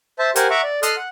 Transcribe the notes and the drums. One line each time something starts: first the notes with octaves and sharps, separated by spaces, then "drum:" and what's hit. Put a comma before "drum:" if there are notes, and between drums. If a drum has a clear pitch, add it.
C5 E5 A5
G4 A#4 C5 F#5 G#5, drum: hi-hat
E5 F#5 A#5 C#6 D6
D5
A4 D#5 C6 D#6 F6 F#6, drum: hi-hat
F#5